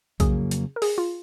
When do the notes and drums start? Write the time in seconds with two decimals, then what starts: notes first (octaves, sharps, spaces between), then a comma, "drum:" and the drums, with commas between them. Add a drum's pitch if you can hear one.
0.20 F2 C#3 F#3 A#3 G#4, drum: kick B1, hi-hat
0.51 drum: hi-hat
0.76 A#4
0.82 G#4, drum: open hi-hat
0.98 F4